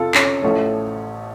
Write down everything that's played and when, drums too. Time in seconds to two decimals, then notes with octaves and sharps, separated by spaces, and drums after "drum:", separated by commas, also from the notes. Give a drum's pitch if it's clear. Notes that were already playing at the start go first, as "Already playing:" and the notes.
Already playing: F2 C3 F4 A4
0.15 C#4, drum: clap
0.42 A1 A2 F3 A3 C#4